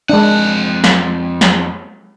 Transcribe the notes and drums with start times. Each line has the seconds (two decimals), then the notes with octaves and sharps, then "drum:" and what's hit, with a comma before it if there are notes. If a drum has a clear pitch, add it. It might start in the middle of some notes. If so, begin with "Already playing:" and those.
0.10 F2 G#3 D4 F#5
0.84 drum: snare
1.41 drum: snare